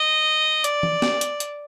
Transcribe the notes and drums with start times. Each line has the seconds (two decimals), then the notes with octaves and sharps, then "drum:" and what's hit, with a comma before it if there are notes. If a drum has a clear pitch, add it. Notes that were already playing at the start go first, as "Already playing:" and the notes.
Already playing: D#5
0.64 D5, drum: hi-hat
0.83 drum: tom
1.02 drum: snare
1.21 drum: hi-hat
1.40 drum: hi-hat